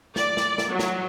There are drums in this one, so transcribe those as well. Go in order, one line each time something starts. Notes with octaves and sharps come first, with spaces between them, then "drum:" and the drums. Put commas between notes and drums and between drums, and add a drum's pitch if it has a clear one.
D5, drum: snare
drum: snare
drum: snare
F#3
drum: snare